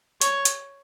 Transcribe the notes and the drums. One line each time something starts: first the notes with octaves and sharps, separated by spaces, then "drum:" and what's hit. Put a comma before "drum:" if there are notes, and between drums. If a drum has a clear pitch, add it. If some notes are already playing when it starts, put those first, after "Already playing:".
C#5, drum: hi-hat
drum: hi-hat